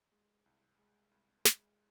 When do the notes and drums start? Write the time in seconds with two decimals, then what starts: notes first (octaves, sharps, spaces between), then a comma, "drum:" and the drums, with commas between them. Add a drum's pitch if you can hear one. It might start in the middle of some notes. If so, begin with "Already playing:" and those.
0.12 G#3
0.46 C2
0.79 G#3
1.11 C2
1.45 G#3, drum: snare